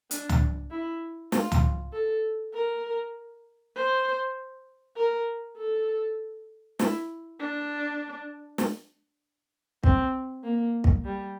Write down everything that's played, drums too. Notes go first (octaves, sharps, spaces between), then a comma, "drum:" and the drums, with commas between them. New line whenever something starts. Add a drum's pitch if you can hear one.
D4, drum: hi-hat
drum: tom C#2
E4
F4, drum: snare
drum: tom C#2
A4
A#4
C5
A#4
A4
E4, drum: snare
D4
drum: snare
C4, drum: kick
A#3
drum: kick
G3